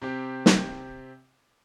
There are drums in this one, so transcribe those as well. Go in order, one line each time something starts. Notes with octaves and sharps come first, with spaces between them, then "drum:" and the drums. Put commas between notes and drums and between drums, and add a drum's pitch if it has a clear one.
C3 C4 G4
drum: snare